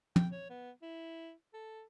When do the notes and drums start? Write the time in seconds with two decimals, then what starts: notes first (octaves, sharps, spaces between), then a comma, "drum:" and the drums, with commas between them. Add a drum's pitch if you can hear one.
0.16 G5, drum: tom
0.32 C#5
0.50 B3
0.82 E4
1.54 A4